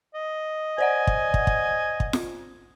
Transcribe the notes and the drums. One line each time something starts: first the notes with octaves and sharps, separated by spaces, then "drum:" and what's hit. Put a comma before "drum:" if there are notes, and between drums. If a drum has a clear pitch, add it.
D#5
C5 D5 F#5 G#5
drum: kick
drum: kick
drum: kick
drum: kick
drum: snare F4